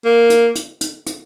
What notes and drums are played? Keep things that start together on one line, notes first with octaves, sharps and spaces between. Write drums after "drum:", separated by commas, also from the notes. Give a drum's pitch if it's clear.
A#3
drum: hi-hat
drum: hi-hat
drum: hi-hat
drum: hi-hat